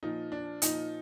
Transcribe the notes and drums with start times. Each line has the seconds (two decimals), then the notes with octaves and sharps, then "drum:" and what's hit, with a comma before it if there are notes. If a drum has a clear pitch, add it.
0.03 A#2 F3 D#4
0.32 D4
0.62 A#2 F3 D#4, drum: hi-hat